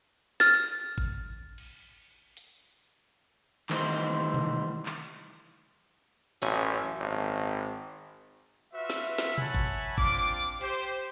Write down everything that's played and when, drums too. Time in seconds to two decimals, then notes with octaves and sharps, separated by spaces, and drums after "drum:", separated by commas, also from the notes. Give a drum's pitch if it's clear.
0.40 F6 A6, drum: snare
0.98 drum: kick G#1
1.58 drum: cymbal
2.37 drum: hi-hat
3.70 D#3 E3 G3 A3 C5 D#5, drum: clap
4.34 drum: tom B2
4.86 drum: clap
6.42 A1 F#2 C#4 E5
7.01 G#1
8.74 F4 F#4 B4 E5
8.90 drum: snare
9.18 drum: snare
9.38 C#5 E5 F#5 G#5 A5 B5, drum: tom
9.55 drum: kick G#1
9.98 C4 D4 F4 D6, drum: kick G#1
10.61 G4 C5, drum: cymbal